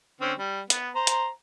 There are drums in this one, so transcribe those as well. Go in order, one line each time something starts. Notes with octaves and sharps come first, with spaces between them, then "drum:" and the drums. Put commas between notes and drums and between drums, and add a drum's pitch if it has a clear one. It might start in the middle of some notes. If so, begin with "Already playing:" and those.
D3 C4 C#4
G3
B3, drum: hi-hat
C5 A#5
drum: hi-hat